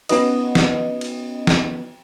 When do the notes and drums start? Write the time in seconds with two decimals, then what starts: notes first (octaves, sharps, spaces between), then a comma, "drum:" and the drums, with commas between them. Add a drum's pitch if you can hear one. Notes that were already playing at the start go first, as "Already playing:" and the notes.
0.09 B3 C#4 D#4 F#4 B4 D#5, drum: cymbal
0.55 drum: snare
1.01 drum: cymbal
1.47 drum: snare